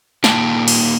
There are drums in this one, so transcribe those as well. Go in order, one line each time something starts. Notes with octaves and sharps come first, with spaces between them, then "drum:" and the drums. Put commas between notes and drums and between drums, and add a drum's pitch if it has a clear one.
A#2 D#3 A#3 G5 A5, drum: snare
drum: cymbal